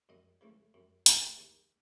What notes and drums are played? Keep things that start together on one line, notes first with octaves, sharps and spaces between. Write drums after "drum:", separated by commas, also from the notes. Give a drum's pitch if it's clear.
F#2 D#5
C#3 E3 A3
F#2
C#3 E3 A3, drum: hi-hat
D#2